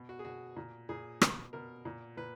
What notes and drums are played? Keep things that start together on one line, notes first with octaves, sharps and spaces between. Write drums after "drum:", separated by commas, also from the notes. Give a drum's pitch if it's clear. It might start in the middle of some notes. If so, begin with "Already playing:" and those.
Already playing: B2
F#4
G#4
B2 F#4
A#2
A#2 G#4
B2, drum: rim click
B2 A#4
A#2
A#2 B4